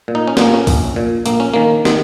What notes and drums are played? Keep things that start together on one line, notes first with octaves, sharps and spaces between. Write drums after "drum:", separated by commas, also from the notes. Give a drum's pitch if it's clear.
A#2
D#4
C#4
A#2 A#3, drum: snare
C#4
A#1, drum: kick, open hi-hat
A#2
A#1 A#3, drum: hi-hat
C#4
D#3 A#3
D#3, drum: snare